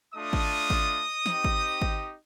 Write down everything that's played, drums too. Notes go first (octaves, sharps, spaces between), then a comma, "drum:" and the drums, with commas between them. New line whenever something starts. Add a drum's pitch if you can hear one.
A3 D4 F4 D#5 D#6
drum: kick G#1
drum: kick G#1
C4 D#4 G4, drum: snare
drum: kick G#1
drum: kick G#1